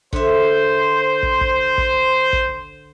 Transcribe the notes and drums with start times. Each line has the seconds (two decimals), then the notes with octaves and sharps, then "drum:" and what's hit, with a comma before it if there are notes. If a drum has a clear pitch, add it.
0.13 D3 C5 E5, drum: kick
1.23 drum: kick
1.41 drum: kick
1.78 drum: kick
2.33 drum: kick